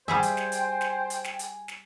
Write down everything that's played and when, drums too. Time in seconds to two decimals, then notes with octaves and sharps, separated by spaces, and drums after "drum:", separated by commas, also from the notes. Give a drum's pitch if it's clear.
0.08 G3 G#4 C5 E5 G5 G#5
0.23 drum: hi-hat
0.37 drum: snare
0.52 drum: hi-hat
0.81 drum: snare
1.10 drum: hi-hat
1.25 drum: snare
1.39 drum: hi-hat
1.68 drum: snare